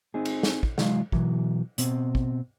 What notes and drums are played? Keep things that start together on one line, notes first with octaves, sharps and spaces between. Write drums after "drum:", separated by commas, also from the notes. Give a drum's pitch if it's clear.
C4 D#4 G#4
drum: cymbal
drum: snare
drum: kick
A2 C3 E3 F#3 G#3 F5, drum: snare
B2 E3 F#3, drum: kick
B2 C4, drum: hi-hat
drum: kick